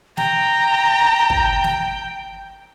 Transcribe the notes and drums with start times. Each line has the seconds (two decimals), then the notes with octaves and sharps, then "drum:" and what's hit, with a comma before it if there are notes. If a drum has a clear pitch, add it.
0.17 G5 A#5, drum: snare
1.30 drum: kick
1.64 drum: snare